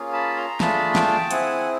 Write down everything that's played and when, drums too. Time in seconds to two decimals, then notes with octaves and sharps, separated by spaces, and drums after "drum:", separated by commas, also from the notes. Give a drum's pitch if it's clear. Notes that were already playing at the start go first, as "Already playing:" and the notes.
Already playing: A#3 C#4 F4 G#4
0.13 A5 B5
0.36 A#5 C6
0.60 A3 D4 F4 G#4 A5 B5, drum: snare
0.95 G5 A5, drum: snare
1.31 C4 E4 G#4 F#5 G#5, drum: hi-hat